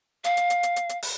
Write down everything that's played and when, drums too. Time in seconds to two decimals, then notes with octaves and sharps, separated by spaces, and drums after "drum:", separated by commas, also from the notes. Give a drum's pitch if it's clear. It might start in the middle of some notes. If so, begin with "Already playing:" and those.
0.24 F5, drum: hi-hat
0.37 drum: hi-hat
0.50 drum: hi-hat
0.63 drum: hi-hat
0.76 drum: hi-hat
0.89 drum: hi-hat
1.02 drum: open hi-hat